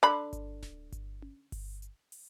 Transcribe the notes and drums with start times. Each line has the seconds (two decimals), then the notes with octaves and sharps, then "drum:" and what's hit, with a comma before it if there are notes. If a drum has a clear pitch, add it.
0.03 D3 B5, drum: hi-hat
0.33 drum: kick G1, hi-hat
0.63 drum: snare D1
0.92 drum: kick G1, hi-hat
1.22 drum: tom C#4
1.52 drum: kick G1, open hi-hat
1.82 drum: hi-hat
2.12 drum: open hi-hat